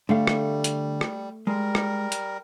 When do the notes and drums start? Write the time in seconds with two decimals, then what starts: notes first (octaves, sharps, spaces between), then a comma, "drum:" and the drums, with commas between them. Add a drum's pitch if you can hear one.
0.09 D3 G3 A3 F5
0.27 drum: rim click
0.64 drum: hi-hat
1.01 drum: rim click
1.47 G3 G#3 A#4
1.75 drum: rim click
2.12 drum: hi-hat